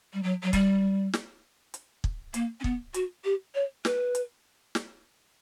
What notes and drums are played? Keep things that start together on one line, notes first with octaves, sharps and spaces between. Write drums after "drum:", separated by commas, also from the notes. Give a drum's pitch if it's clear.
G3
F#3
F#3
G3, drum: kick, hi-hat
drum: snare
drum: hi-hat
drum: kick
A#3, drum: hi-hat
C#4
B3, drum: kick
F#4, drum: hi-hat
G4
C#5
B4, drum: snare
drum: hi-hat
drum: snare